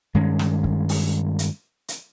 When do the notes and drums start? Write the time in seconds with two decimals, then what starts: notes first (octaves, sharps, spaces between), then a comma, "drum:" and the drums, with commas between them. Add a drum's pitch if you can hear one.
0.14 G2 D#3 G#3 C#4
0.39 drum: snare
0.64 drum: kick
0.89 drum: open hi-hat
1.39 drum: hi-hat
1.88 drum: hi-hat